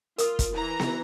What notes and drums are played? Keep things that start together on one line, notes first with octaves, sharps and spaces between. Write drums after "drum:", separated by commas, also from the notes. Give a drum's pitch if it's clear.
F4 A#4 D#6, drum: hi-hat
drum: kick, hi-hat
E3 A#5
drum: snare B3